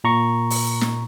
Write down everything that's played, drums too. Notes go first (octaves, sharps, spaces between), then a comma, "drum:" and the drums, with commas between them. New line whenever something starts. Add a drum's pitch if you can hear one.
A#2 A#5 C#6
drum: open hi-hat
drum: snare